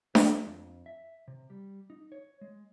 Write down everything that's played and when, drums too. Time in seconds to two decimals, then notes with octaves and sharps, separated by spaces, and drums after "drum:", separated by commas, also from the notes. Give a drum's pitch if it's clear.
0.15 E5, drum: snare D4
0.46 F2
0.86 E5
1.28 C3
1.50 G3
1.90 D#4
2.12 C#5
2.41 G#3